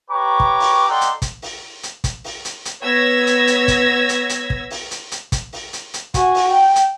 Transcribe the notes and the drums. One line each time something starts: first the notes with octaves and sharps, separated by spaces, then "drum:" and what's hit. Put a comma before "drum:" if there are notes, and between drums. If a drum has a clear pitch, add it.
G4 B4 C#5 A#5 C#6 D6
drum: kick
drum: open hi-hat
D#4 A4 D5 F#5 G5 C6
drum: hi-hat
drum: kick, hi-hat
drum: open hi-hat
drum: hi-hat
drum: kick, hi-hat
drum: open hi-hat
drum: hi-hat
drum: hi-hat
B3 C#5 E6 G#6 A#6 B6
drum: hi-hat
drum: hi-hat
drum: kick, hi-hat
drum: hi-hat
drum: hi-hat
drum: kick
drum: open hi-hat
drum: hi-hat
drum: hi-hat
drum: kick, hi-hat
drum: open hi-hat
drum: hi-hat
drum: hi-hat
F#4 G#5, drum: kick, hi-hat
drum: open hi-hat
G5
drum: hi-hat